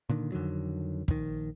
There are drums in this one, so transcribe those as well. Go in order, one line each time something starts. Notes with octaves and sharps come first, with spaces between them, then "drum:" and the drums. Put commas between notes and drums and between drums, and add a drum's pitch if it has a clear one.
A#2 D3 D#3
F2 D3 D#3 F#3
A#1 D#3, drum: kick